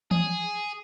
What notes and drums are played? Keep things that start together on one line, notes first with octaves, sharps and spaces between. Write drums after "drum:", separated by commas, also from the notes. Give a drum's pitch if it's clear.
G#4, drum: tom E3